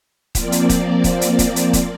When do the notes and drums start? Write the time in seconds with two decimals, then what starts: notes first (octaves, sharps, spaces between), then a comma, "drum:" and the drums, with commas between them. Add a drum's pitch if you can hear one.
0.35 F3 A#3 C4 D5, drum: kick D#1, hi-hat
0.52 drum: hi-hat
0.69 drum: kick D#1, hi-hat
1.04 drum: kick D#1, hi-hat
1.21 drum: hi-hat
1.39 drum: kick D#1, hi-hat
1.56 drum: hi-hat
1.73 drum: kick D#1, hi-hat